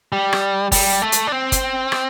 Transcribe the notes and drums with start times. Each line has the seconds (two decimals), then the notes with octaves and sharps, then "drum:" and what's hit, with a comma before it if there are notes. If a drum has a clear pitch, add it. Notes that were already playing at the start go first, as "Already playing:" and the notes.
0.13 G3
0.33 drum: rim click
0.72 G3, drum: kick, open hi-hat
1.02 A3
1.12 drum: hi-hat
1.27 D4
1.32 C4
1.52 drum: kick, hi-hat
1.92 drum: rim click